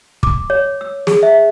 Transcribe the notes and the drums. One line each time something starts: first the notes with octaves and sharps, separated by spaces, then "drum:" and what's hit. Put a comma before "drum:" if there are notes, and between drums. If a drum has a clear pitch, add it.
D6, drum: kick
C#5
E6
G#4, drum: snare
E5